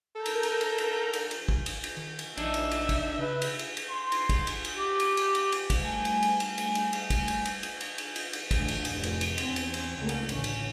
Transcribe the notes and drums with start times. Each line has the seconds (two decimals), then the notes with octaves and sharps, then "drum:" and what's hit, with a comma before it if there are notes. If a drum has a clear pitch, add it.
0.16 A4 A#4 A#5 G6
0.26 drum: cymbal
0.43 drum: cymbal
0.61 drum: cymbal
0.78 drum: cymbal
1.13 drum: cymbal
1.31 drum: cymbal
1.48 drum: kick
1.66 drum: cymbal
1.84 drum: cymbal
1.97 D#3
2.19 drum: cymbal
2.37 A#1 D4 D#4 E5, drum: cymbal
2.54 drum: cymbal
2.71 drum: cymbal
2.89 drum: kick, cymbal
3.19 C#3 B4
3.42 drum: cymbal
3.59 drum: cymbal
3.77 drum: cymbal
3.90 C6
4.12 drum: cymbal
4.29 drum: kick, cymbal
4.47 drum: cymbal
4.65 drum: cymbal
4.77 G4
5.00 drum: cymbal
5.17 drum: cymbal
5.35 drum: cymbal
5.52 drum: cymbal
5.70 drum: kick, cymbal
5.81 G3 A3 G#5
6.05 drum: cymbal
6.23 drum: cymbal
6.40 drum: cymbal
6.58 drum: cymbal
6.75 drum: cymbal
6.93 drum: cymbal
7.10 drum: kick, cymbal
7.28 drum: cymbal
7.45 drum: cymbal
7.63 drum: cymbal
7.81 drum: cymbal
7.98 drum: cymbal
8.16 drum: cymbal
8.33 drum: cymbal
8.51 A1 D2 A2, drum: kick, cymbal
8.68 drum: cymbal
8.85 F1, drum: cymbal
9.03 drum: cymbal
9.21 drum: cymbal
9.38 E2 C4 C#4, drum: cymbal
9.56 drum: cymbal
9.74 drum: cymbal
9.98 C#2 C#3 A3 A#3
10.09 drum: cymbal
10.29 A1 D3 C#4, drum: cymbal
10.44 drum: cymbal